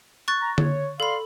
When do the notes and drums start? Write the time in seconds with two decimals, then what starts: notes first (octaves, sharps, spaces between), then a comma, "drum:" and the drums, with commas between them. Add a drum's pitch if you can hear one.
0.28 C#6 F#6 A6
0.41 A#5
0.58 C#5, drum: tom D3
1.00 A4 D5 F5 B5 C6